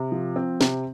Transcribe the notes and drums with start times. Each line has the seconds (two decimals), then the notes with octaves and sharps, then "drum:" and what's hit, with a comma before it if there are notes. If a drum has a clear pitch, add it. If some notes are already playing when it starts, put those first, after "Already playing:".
Already playing: C3
0.12 F3
0.36 C4
0.61 C3, drum: snare